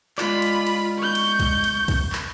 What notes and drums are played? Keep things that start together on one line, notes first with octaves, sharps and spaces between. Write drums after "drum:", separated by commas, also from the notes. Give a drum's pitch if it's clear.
G#3 F4 D5 B5, drum: clap
drum: cymbal
drum: cymbal
C#6 G6
drum: cymbal
drum: kick, cymbal
drum: cymbal
drum: kick, cymbal
drum: clap